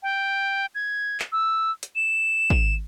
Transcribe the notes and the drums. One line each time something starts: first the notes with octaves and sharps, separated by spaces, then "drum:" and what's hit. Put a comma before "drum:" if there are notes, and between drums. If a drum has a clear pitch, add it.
G5
G#6
drum: clap
E6
drum: hi-hat
E7
drum: kick